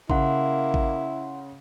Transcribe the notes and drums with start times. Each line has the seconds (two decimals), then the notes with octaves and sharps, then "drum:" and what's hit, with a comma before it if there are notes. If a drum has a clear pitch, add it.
0.10 C#3 A#3 E4 F#5 C6, drum: kick A1
0.74 drum: kick A1